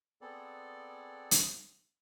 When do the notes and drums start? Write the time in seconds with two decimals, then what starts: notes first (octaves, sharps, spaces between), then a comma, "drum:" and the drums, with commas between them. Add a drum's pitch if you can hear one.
0.21 B3 C4 G#4 A4 D5
1.31 drum: hi-hat